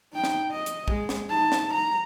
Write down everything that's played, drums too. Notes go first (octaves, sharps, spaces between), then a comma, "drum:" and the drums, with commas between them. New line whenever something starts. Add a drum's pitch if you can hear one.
D#4 G5
drum: snare
D#5
drum: hi-hat
G#3, drum: kick
drum: snare
D#4 A5
drum: snare
A#5